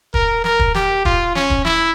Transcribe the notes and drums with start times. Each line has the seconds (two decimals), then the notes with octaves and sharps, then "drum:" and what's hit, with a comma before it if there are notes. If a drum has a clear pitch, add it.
0.14 A#4, drum: kick
0.44 A#4, drum: snare
0.59 drum: kick
0.74 G4, drum: snare
1.05 F4, drum: kick
1.35 C#4, drum: snare
1.50 drum: kick
1.65 E4, drum: snare